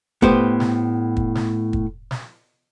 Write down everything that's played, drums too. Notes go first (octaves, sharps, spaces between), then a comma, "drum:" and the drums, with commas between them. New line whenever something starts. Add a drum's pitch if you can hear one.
A2 B3 G4 C5, drum: kick
drum: snare
drum: kick
drum: snare
drum: kick
drum: snare